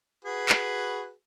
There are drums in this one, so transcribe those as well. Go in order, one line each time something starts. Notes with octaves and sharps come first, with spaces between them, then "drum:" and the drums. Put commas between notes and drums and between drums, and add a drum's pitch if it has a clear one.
F#4 G#4 B4
drum: clap